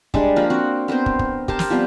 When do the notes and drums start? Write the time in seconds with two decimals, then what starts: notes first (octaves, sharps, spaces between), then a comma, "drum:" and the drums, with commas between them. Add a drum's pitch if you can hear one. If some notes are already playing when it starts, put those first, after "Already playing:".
0.14 G3 G#3 D4, drum: kick
0.36 F3 A#3 A#4 B4
0.50 C4 F#4 F#5
0.88 B3 C4 A#4 C5
1.06 drum: kick
1.19 drum: kick
1.48 G4 A#4 C5 A5, drum: kick
1.59 drum: snare
1.70 F3 G3 B3 C4